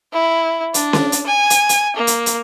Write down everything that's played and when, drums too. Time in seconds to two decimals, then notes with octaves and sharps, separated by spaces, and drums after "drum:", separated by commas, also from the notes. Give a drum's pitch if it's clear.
0.13 E4
0.74 D4, drum: hi-hat
0.93 drum: snare C#4
1.12 drum: hi-hat
1.26 G#5
1.50 drum: hi-hat
1.69 drum: hi-hat
1.96 A#3
2.07 drum: hi-hat
2.26 drum: hi-hat